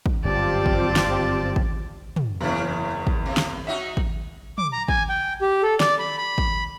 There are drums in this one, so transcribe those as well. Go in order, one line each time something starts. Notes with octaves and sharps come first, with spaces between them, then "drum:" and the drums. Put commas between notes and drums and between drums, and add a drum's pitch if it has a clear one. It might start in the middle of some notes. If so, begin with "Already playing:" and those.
drum: kick
G1 F#2 C4 F4 G4 D5 A5
drum: kick
drum: snare
drum: kick
drum: tom
F#1 E2 E3 C#4
drum: kick
C3
drum: snare
C#4 D#4 F#4 E5
drum: kick
D6, drum: tom
A#5
G#5, drum: kick
G5
G4
A4
D5, drum: snare
B5
B5
drum: kick